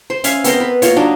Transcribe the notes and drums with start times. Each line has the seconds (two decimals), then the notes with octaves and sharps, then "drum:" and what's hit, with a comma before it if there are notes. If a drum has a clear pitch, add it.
0.10 C5
0.24 C#4 E5 F5 G#5, drum: hi-hat
0.44 B3 C4 A#4 C5, drum: hi-hat
0.60 B4
0.82 A#3 F4 C#5, drum: hi-hat
0.96 F#3 D4 D#4